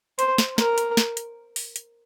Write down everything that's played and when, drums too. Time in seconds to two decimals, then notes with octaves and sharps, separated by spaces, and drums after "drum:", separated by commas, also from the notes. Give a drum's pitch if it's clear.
0.19 C5, drum: hi-hat
0.38 drum: snare
0.58 A#4, drum: snare
0.78 drum: hi-hat
0.97 drum: snare
1.17 drum: hi-hat
1.56 drum: open hi-hat
1.76 drum: hi-hat